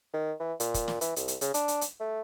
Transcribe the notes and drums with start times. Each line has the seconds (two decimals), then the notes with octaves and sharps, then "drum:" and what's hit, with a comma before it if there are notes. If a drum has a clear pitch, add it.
0.14 D#3
0.40 E3
0.60 A#2, drum: hi-hat
0.74 drum: kick, hi-hat
0.88 drum: snare
1.01 E3, drum: hi-hat
1.16 C2, drum: hi-hat
1.28 drum: hi-hat
1.41 C#3, drum: hi-hat
1.54 D4, drum: hi-hat
1.68 drum: hi-hat
1.81 drum: hi-hat
2.00 A3